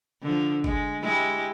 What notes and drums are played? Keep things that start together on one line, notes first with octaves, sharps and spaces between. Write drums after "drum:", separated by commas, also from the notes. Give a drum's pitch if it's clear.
D3 F3
G#3, drum: kick G1
G#3 E4 G4